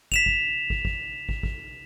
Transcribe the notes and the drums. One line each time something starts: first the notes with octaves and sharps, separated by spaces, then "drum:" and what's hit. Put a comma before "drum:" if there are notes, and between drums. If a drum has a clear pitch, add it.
B6 E7 F7, drum: kick
drum: kick
drum: kick
drum: kick
drum: kick
drum: kick